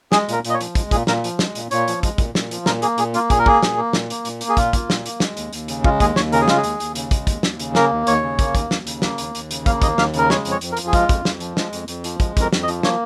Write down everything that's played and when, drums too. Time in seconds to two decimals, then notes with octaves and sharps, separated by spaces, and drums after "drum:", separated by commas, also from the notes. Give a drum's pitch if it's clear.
0.12 G#3 G#4, drum: snare
0.29 A#2 A#4, drum: hi-hat
0.45 A#2, drum: hi-hat
0.50 D#5
0.54 C#5
0.61 F3, drum: hi-hat
0.75 G#3, drum: kick, hi-hat
0.91 A#2 G#4, drum: kick, hi-hat
1.07 A#2 A#4, drum: snare
1.24 F3, drum: hi-hat
1.39 G#3, drum: snare
1.55 A#2, drum: hi-hat
1.71 A#2 C#5, drum: hi-hat
1.88 F3, drum: hi-hat
2.03 G#3, drum: kick, hi-hat
2.18 A#2, drum: kick, hi-hat
2.35 A#2, drum: snare
2.51 F3, drum: hi-hat
2.66 A#2 A#4, drum: snare
2.82 A#3 G#4, drum: hi-hat
2.98 A#2 G#4, drum: hi-hat
3.14 A#3 F4, drum: hi-hat
3.30 A#2 G#4, drum: kick, hi-hat
3.39 A#4
3.46 A#3 G#4, drum: kick
3.63 A#2, drum: snare
3.77 A#3
3.93 A#2, drum: snare
4.10 A#3, drum: hi-hat
4.25 A#2, drum: hi-hat
4.41 A#3, drum: hi-hat
4.49 G#4
4.57 A#2 F4, drum: kick, hi-hat
4.73 A#3, drum: kick, hi-hat
4.90 A#2, drum: snare
5.06 A#3, drum: hi-hat
5.20 G#3, drum: snare
5.37 D#2, drum: hi-hat
5.53 D#2, drum: hi-hat
5.68 C#3, drum: hi-hat
5.84 G#3 F4, drum: kick
6.00 D#2 G#4, drum: kick, hi-hat
6.16 D#2 C#5, drum: snare
6.32 C#3 A#4, drum: hi-hat
6.41 G#4
6.48 G#3 F4, drum: snare
6.57 G#4
6.64 D#2, drum: hi-hat
6.80 D#2, drum: hi-hat
6.95 C#3, drum: hi-hat
7.11 G#3, drum: kick, hi-hat
7.27 D#2, drum: kick, hi-hat
7.43 D#2, drum: snare
7.60 C#3, drum: hi-hat
7.75 A#3 A#4, drum: snare
7.91 D#2
8.07 D#2 C#5, drum: hi-hat
8.22 C#3
8.39 A#3, drum: kick, hi-hat
8.55 D#2, drum: kick, hi-hat
8.71 D#2, drum: snare
8.87 C#3, drum: hi-hat
9.02 A#3, drum: snare
9.18 D#2, drum: hi-hat
9.35 D#2, drum: hi-hat
9.51 C#3, drum: hi-hat
9.66 A#3 F5, drum: kick, hi-hat
9.82 D#2 D#5, drum: kick, hi-hat
9.98 D#2 F5, drum: snare
10.14 C#3 A#4, drum: hi-hat
10.30 G#3 C#5, drum: snare
10.45 F2, drum: hi-hat
10.51 C#5
10.61 F2, drum: hi-hat
10.72 A#4
10.77 F3, drum: hi-hat
10.87 G#4
10.93 G#3 F4, drum: kick, hi-hat
11.09 F2, drum: kick, hi-hat
11.25 F2, drum: snare
11.40 F3, drum: hi-hat
11.57 G#3, drum: snare
11.73 F2, drum: hi-hat
11.88 F2, drum: hi-hat
12.04 F3, drum: hi-hat
12.20 G#3, drum: kick, hi-hat
12.37 F2 A#4, drum: kick, hi-hat
12.52 F2, drum: snare
12.63 D#5
12.68 F3, drum: hi-hat
12.83 A#3 C#5, drum: snare